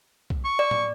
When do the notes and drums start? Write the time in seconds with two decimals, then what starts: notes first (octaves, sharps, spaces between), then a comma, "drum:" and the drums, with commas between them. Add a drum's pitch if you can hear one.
0.30 drum: kick B1
0.45 C#6
0.59 D5
0.71 drum: tom A2